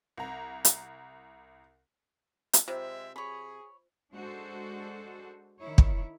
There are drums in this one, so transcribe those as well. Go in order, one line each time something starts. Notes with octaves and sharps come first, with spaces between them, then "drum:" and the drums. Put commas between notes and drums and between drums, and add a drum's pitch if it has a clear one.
C2 A#5
drum: hi-hat
drum: hi-hat
C3 G#3 C4 F4 C5 E5
G#4 C#5 B5
G#3 D4 F#4 A4 C5
D#3 E4 C#5
drum: kick